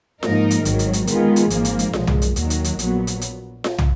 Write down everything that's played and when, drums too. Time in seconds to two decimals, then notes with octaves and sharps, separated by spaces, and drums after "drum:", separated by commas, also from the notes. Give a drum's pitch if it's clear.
0.23 G#2 F3 A#3 D#4 A#4, drum: snare F4
0.51 drum: hi-hat
0.65 G#1 G#2 D#3 F#3, drum: hi-hat
0.79 drum: hi-hat
0.93 drum: hi-hat
1.07 D#3 G#3 B3 F4 G#4, drum: hi-hat
1.36 drum: hi-hat
1.50 G#1 G#2 F3 A#3, drum: hi-hat
1.65 drum: hi-hat
1.79 drum: hi-hat
1.93 B1 A#2 F3 G#3, drum: snare F4
2.07 drum: tom
2.22 drum: hi-hat
2.36 D#2 D#3 F#3, drum: hi-hat
2.50 drum: hi-hat
2.64 drum: hi-hat
2.79 A#1 A#2 F#3 B3, drum: hi-hat
3.07 drum: hi-hat
3.21 drum: hi-hat
3.64 drum: snare F4
3.78 drum: tom